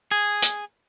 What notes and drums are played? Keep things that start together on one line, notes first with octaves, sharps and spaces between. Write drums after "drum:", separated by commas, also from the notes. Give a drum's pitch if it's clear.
G#4
drum: hi-hat